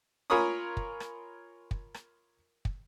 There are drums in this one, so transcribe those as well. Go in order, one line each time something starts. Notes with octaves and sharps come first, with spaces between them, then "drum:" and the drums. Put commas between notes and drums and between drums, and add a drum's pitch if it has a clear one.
F4 A#4 C#5 G#5 B5 D#6
drum: kick
drum: rim click
drum: kick
drum: rim click
drum: kick